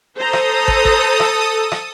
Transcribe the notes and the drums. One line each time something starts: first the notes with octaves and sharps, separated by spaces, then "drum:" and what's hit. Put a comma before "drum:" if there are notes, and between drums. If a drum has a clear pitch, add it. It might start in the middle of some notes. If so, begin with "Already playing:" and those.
A4 C5 A#5 D#6
drum: rim click
drum: kick
drum: kick
drum: rim click
drum: rim click